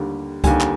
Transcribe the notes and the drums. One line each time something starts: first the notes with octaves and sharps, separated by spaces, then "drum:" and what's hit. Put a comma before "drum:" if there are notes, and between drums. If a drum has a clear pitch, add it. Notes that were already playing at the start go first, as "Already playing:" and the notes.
Already playing: D#2 D3 G3
D#2 D3 G3 G#5, drum: kick C2, hi-hat
drum: clap